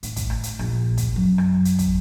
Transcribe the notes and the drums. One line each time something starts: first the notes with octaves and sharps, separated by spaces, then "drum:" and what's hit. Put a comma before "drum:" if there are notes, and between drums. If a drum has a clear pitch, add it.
A2, drum: hi-hat
drum: kick, hi-hat
drum: rim click
drum: hi-hat
A#1, drum: rim click
drum: kick, hi-hat
F#2
drum: rim click
drum: hi-hat
drum: kick, hi-hat